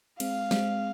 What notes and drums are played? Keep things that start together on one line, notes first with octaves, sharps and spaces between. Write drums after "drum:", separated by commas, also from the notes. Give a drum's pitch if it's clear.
G#3 C4 F5, drum: cymbal
G#3 C4, drum: snare